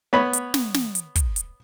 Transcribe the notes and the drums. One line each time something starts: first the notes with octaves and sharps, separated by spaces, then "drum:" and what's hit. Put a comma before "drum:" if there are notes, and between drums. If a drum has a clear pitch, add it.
B3 C#5 B5
drum: hi-hat
drum: snare
drum: snare
drum: hi-hat
drum: kick, hi-hat
drum: hi-hat